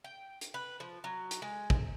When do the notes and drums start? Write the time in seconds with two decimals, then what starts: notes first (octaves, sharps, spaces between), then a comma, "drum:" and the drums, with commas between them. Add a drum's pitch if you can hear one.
0.04 G5
0.41 drum: hi-hat
0.54 B4
0.80 F3
1.04 F#3
1.31 drum: hi-hat
1.42 G#3
1.70 drum: kick